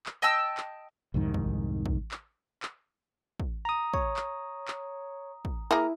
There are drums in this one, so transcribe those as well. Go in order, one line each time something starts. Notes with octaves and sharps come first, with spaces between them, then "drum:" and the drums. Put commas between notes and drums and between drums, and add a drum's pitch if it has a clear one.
drum: clap
D#5 G5 A5 E6
drum: clap
C2 F2 G#2 D#3
drum: kick
drum: kick
drum: clap
drum: clap
drum: kick
A#5 D#6
C#5, drum: kick
drum: clap
drum: clap
drum: kick
A#3 E4 G#4 A#4